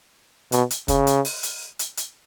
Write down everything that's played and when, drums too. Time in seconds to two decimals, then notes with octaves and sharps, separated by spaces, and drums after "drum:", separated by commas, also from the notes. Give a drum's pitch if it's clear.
0.52 B2, drum: hi-hat
0.71 drum: hi-hat
0.88 C#3, drum: kick, hi-hat
1.07 drum: hi-hat
1.25 drum: open hi-hat
1.43 drum: hi-hat
1.79 drum: hi-hat
1.97 drum: hi-hat